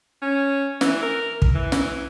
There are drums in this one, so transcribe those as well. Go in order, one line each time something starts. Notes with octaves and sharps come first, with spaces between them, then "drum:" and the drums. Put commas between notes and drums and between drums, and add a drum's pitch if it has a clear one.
C#4
E3, drum: snare
A#4
drum: kick
E3
drum: snare